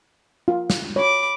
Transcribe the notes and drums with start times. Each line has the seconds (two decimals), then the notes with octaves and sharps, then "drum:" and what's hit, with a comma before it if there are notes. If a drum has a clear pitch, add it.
0.48 F4
0.70 drum: snare
0.96 C#5 B5 D6